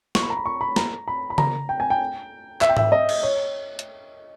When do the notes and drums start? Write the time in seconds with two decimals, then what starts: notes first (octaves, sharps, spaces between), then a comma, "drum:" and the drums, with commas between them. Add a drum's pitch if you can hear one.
0.15 C#6, drum: snare
0.22 B5
0.30 A#5
0.37 B5
0.46 C#6
0.61 B5
0.76 A#5, drum: snare
1.08 B5
1.30 B5
1.38 A#5, drum: tom C#3
1.69 G5
1.80 G#5
1.90 G5
2.61 E5, drum: clap
2.69 G5
2.77 E5, drum: tom G#2
2.92 D#5
3.09 drum: cymbal
3.23 C#5
3.79 drum: hi-hat